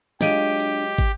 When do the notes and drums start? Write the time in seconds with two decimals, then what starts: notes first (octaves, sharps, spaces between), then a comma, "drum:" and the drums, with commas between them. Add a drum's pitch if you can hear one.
0.21 F#3 G#3 D4 F4 G4 D#5 D7 D#7, drum: snare
0.60 drum: hi-hat
0.98 drum: kick, hi-hat